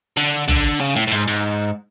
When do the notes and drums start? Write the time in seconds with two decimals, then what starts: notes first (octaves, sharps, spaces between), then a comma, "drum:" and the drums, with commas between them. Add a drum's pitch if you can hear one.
0.17 D3
0.48 D3, drum: tom A#1
0.80 C#3
0.96 A2
1.07 A2
1.12 G#2
1.27 G#2